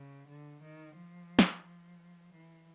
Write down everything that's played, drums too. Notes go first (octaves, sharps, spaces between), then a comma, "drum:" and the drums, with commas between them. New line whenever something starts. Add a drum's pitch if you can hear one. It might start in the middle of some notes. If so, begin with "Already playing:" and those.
Already playing: C#3
D3
D#3
F3
drum: snare
F3
E3